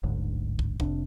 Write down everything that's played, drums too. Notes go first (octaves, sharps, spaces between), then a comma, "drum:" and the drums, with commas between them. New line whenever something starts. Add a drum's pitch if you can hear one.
D1 A1 G#2 D3
drum: kick
F1 C3 D4, drum: kick